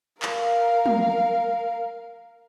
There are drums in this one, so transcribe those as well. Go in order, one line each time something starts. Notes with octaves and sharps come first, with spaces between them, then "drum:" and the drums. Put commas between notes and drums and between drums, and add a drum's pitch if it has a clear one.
A#4 F5, drum: clap
drum: tom